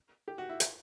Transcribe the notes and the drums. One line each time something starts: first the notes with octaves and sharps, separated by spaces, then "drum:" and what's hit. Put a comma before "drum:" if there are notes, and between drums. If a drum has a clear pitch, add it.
G4
F#4
E4
drum: hi-hat